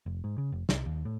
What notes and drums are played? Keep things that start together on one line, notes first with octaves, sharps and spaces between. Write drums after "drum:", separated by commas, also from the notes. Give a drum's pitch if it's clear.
F1
G#2
C#3
F1
C2, drum: snare
D#2
A2